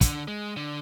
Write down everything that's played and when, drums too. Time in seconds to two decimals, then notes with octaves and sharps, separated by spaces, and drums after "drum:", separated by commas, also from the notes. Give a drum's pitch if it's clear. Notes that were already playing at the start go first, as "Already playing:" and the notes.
0.01 D3, drum: kick, hi-hat
0.28 G#3
0.57 D3